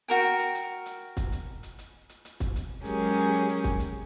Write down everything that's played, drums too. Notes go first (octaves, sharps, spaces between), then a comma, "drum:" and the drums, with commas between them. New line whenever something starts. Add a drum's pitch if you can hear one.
F#4 A#4 G5, drum: hi-hat
drum: hi-hat
drum: hi-hat
drum: hi-hat
drum: kick, hi-hat
drum: hi-hat
drum: hi-hat
drum: hi-hat
drum: hi-hat
drum: hi-hat
drum: kick, hi-hat
drum: hi-hat
F#3 G#3 C#4 G4 G#4 A#4, drum: hi-hat
drum: hi-hat
drum: hi-hat
drum: kick, hi-hat
drum: hi-hat